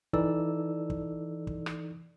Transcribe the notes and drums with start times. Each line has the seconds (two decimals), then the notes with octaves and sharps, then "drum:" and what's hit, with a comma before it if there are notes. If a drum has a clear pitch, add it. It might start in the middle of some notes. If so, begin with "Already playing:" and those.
0.13 E3 D#4 A4 D5 E6, drum: kick
0.90 drum: kick
1.47 drum: kick
1.66 drum: rim click